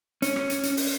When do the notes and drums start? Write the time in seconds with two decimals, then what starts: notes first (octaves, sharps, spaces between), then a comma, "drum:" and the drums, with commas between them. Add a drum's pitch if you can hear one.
0.22 C#4, drum: hi-hat
0.36 drum: rim click
0.50 drum: hi-hat
0.63 drum: hi-hat
0.77 drum: open hi-hat